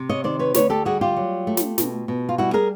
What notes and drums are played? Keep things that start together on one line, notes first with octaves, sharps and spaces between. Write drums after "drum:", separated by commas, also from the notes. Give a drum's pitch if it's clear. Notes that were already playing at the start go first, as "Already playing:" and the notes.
Already playing: C3
C#5 D#5
D#3 C5 D5
B4 C#5
D2 B4 C#5, drum: snare
G4 A4
G3 F#4 G#4
F4 G4
F#3
A3
drum: snare
B2, drum: snare
B2
F4
G3 E4 F#4
G#4 A#4